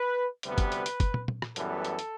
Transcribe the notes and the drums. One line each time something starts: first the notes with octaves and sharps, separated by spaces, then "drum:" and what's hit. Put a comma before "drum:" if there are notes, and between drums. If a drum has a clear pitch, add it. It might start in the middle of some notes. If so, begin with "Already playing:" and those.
Already playing: B4
D2 C3 G3 B3 B4, drum: hi-hat
drum: kick, hi-hat
drum: hi-hat
drum: hi-hat
drum: kick, hi-hat
drum: tom
drum: tom
drum: rim click
F#2 E3 G3 B3 A4, drum: hi-hat
drum: hi-hat
drum: hi-hat